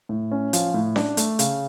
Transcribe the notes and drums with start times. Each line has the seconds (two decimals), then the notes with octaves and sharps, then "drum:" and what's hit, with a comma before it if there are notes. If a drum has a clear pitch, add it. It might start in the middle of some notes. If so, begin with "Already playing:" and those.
0.09 A2
0.31 C#4
0.53 F3, drum: hi-hat
0.74 A2
0.96 D4, drum: snare C#4
1.17 A3, drum: hi-hat
1.39 C#3, drum: hi-hat